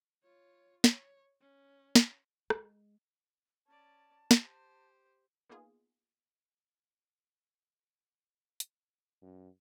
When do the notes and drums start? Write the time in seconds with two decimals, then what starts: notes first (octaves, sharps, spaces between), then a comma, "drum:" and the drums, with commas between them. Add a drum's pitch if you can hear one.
0.23 F4 C#5
0.84 C#5, drum: snare
1.41 C#4
1.95 drum: snare
2.50 G#3, drum: rim click
3.67 C#4 D5 A5
4.31 G4 C5, drum: snare
5.49 A#3 B3 D#4 F4 G#4
8.60 drum: hi-hat
9.22 F#2